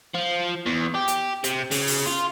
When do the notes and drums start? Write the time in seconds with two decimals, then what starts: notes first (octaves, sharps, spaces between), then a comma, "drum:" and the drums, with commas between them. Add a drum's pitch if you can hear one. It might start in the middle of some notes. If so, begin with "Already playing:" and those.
0.15 F3
0.66 E2
0.94 G4
1.08 drum: hi-hat
1.44 C3, drum: hi-hat
1.71 C#3, drum: open hi-hat
1.87 drum: open hi-hat
2.06 F4